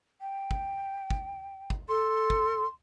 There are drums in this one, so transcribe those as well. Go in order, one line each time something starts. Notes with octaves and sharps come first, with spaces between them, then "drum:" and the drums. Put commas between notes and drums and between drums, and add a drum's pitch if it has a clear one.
G5
drum: kick
drum: kick
drum: kick
A4 C6
drum: kick